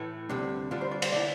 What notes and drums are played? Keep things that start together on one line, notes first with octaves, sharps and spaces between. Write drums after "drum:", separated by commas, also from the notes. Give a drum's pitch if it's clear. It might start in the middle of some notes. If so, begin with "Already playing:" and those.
Already playing: A2 E3 A3
D2 C3 G3 D4
D3 G3 D4 F4
C5
D5
C5, drum: cymbal
D3 A3 E4 D5